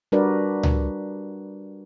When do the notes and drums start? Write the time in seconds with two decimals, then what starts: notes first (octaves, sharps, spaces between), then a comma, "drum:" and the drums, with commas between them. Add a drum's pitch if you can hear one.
0.12 G3 D4 F#4 A#4 B4 D5
0.63 drum: tom C#2